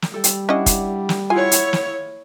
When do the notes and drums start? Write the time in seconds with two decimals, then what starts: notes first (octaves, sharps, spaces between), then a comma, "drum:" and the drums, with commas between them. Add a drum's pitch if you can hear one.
0.02 drum: snare
0.14 G3 A4 G5
0.24 drum: hi-hat
0.49 C#4 D4 E4 D#5 F#5
0.66 drum: kick, hi-hat
1.09 drum: snare
1.30 E4 F4 G#4 C#5 F#5 G#5
1.52 drum: hi-hat
1.73 drum: snare